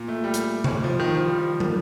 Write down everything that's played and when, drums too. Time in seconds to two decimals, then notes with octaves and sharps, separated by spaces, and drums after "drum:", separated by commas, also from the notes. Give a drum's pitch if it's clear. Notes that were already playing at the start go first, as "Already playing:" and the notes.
Already playing: A#2
0.08 A3
0.24 G3
0.34 drum: hi-hat
0.64 drum: tom C3
0.84 F3
1.00 D#3
1.15 F3
1.25 G3
1.36 F3
1.60 drum: tom